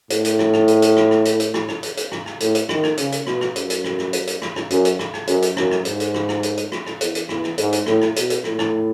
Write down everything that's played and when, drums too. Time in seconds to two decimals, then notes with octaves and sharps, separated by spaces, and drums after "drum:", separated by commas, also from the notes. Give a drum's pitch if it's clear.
0.10 A2, drum: hi-hat
0.25 drum: hi-hat
0.39 drum: rim click
0.53 drum: rim click
0.68 drum: hi-hat
0.82 drum: hi-hat
0.97 drum: rim click
1.11 drum: rim click
1.25 drum: hi-hat
1.40 drum: hi-hat
1.54 drum: rim click
1.68 drum: rim click
1.83 drum: hi-hat
1.97 drum: hi-hat
2.12 drum: rim click
2.26 drum: rim click
2.40 A2, drum: hi-hat
2.55 drum: hi-hat
2.69 D#3, drum: rim click
2.84 drum: rim click
2.97 C#3, drum: hi-hat
3.12 drum: hi-hat
3.27 B2, drum: rim click
3.41 drum: rim click
3.56 F#2, drum: hi-hat
3.70 drum: hi-hat
3.84 drum: rim click
3.99 drum: rim click
4.13 drum: hi-hat
4.27 drum: hi-hat
4.42 drum: rim click
4.56 drum: rim click
4.70 F#2, drum: hi-hat
4.85 drum: hi-hat
4.99 drum: rim click
5.14 drum: rim click
5.27 F#2, drum: hi-hat
5.42 drum: hi-hat
5.57 F#2, drum: rim click
5.71 drum: rim click
5.85 G#2, drum: hi-hat
6.00 drum: hi-hat
6.14 drum: rim click
6.29 drum: rim click
6.43 drum: hi-hat
6.57 drum: hi-hat
6.72 drum: rim click
6.86 drum: rim click
7.01 E2, drum: hi-hat
7.15 drum: hi-hat
7.29 E2, drum: rim click
7.44 drum: rim click
7.58 G#2, drum: hi-hat
7.73 drum: hi-hat
7.86 A2, drum: rim click
8.01 drum: rim click
8.16 B2, drum: hi-hat
8.30 drum: hi-hat
8.44 A2, drum: rim click
8.59 drum: rim click